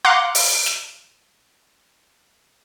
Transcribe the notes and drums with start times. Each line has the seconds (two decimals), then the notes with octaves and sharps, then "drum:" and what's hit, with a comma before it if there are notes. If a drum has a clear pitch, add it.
0.05 F5 F#5 A#5 C6 D6 F#6
0.35 drum: open hi-hat
0.66 drum: snare